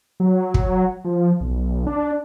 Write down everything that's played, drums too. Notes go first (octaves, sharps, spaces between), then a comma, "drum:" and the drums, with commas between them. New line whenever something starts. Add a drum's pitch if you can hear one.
F#3
drum: kick
F3
B1
D4